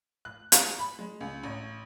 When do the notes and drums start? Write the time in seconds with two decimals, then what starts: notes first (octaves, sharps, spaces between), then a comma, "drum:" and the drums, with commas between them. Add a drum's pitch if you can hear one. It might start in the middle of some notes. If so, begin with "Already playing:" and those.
0.25 F#6
0.52 drum: hi-hat
0.79 B5
0.99 G#3
1.21 C#2
1.43 A1